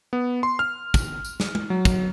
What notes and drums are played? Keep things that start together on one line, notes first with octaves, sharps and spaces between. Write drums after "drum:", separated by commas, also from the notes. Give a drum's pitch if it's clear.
B3
C6
F6
drum: kick, tambourine
drum: tambourine
drum: snare
drum: tom
F#3
drum: kick, tambourine